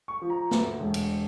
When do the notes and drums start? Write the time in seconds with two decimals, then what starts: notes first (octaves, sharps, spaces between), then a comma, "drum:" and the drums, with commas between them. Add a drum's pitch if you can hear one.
0.08 C#6
0.22 F3
0.30 A#5
0.51 D2, drum: snare
0.80 E1
0.94 drum: cymbal